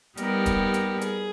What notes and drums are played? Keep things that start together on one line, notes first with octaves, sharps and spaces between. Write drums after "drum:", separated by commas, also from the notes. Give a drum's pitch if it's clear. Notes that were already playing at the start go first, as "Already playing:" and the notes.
G3 B3 D#4 G4 A#4, drum: hi-hat
drum: kick D#1, hi-hat
drum: hi-hat
G#4, drum: hi-hat